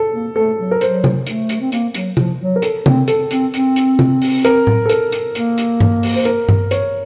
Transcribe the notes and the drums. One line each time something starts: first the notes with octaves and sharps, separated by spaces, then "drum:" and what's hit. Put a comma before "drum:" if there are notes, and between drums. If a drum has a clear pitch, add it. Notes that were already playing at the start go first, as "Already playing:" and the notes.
Already playing: A4
A#3
A3 A4
F#3
A#4
F#3 C5, drum: hi-hat
drum: tom C3
A3, drum: hi-hat
drum: hi-hat
C4
A#3, drum: hi-hat
F#3, drum: hi-hat
F3, drum: tom C3
F#3
A#4
A4, drum: hi-hat
C4, drum: tom C3
A4, drum: hi-hat
C4, drum: hi-hat
C4, drum: hi-hat
drum: hi-hat
drum: tom C3
drum: open hi-hat
A#4, drum: hi-hat
drum: tom A2
A4
A#4, drum: hi-hat
drum: hi-hat
A#3, drum: hi-hat
drum: hi-hat
drum: tom G2
drum: open hi-hat
C5
A#4, drum: hi-hat
drum: tom G2
C#5, drum: hi-hat